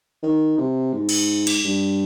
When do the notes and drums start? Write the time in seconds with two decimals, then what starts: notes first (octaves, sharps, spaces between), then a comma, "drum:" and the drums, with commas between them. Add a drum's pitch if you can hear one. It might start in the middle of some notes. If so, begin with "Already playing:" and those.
0.23 D#3
0.58 C3
0.93 G#2
1.09 drum: cymbal
1.47 drum: cymbal
1.64 G2